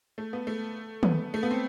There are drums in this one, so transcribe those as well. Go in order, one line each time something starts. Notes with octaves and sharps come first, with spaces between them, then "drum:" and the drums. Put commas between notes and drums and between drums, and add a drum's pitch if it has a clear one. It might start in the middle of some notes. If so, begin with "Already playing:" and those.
A3
B3
A3
B3, drum: tom
A3
B3
C4